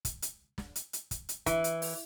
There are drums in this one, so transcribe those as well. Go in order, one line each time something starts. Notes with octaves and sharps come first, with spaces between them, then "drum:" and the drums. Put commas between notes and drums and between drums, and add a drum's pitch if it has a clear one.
drum: kick, hi-hat
drum: hi-hat
drum: snare
drum: hi-hat
drum: hi-hat
drum: kick, hi-hat
drum: hi-hat
E3, drum: kick, hi-hat
drum: hi-hat
drum: open hi-hat